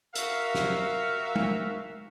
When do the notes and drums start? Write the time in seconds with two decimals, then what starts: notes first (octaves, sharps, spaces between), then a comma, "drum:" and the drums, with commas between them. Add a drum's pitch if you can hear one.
0.15 F#4 A#4 E5 F5, drum: hi-hat
0.55 drum: snare
1.36 drum: tom